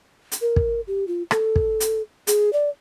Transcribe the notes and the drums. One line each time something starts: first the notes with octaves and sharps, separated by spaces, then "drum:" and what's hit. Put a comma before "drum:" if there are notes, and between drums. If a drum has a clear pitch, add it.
drum: hi-hat
A#4
drum: kick
G4
F4
A4, drum: rim click
drum: kick
drum: hi-hat
G#4, drum: hi-hat
D5